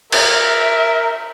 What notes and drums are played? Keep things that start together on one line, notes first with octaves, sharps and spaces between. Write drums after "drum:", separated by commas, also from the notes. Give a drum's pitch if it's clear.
A#4 E5, drum: cymbal